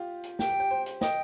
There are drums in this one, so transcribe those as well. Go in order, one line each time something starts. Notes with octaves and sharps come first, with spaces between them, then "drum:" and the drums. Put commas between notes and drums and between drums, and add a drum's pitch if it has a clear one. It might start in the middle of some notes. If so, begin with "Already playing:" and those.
Already playing: F4 G4
drum: hi-hat
G4 G5, drum: snare
G4
G4
C5
drum: hi-hat
D#5 G5, drum: snare